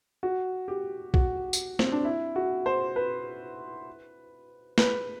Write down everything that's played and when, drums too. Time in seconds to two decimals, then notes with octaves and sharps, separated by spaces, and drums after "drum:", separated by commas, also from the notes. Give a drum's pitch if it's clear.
0.23 F#4
0.68 G4
1.14 F#4, drum: kick A#1
1.53 drum: tambourine
1.79 C4, drum: snare
1.92 D4
2.04 E4
2.36 F#4
2.66 C5
2.96 B4
4.78 B4, drum: snare